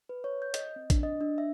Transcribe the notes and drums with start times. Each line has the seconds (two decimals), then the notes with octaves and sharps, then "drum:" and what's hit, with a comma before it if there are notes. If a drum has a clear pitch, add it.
0.09 B4
0.24 C#5
0.42 G6
0.54 D#5, drum: hi-hat
0.76 C4
0.90 D4, drum: kick A1, hi-hat
1.03 D#5
1.21 D4
1.38 E5